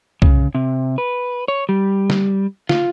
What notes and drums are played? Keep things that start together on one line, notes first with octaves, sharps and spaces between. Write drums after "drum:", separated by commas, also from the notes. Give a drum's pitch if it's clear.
C#3, drum: kick
C3
B4
C#5
G3
drum: snare
F4, drum: snare